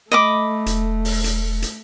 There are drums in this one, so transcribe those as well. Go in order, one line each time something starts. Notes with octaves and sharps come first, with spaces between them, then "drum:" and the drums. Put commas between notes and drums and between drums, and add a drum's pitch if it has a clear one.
A3 D#5 B5 D6
E1, drum: hi-hat
drum: open hi-hat
drum: hi-hat
drum: hi-hat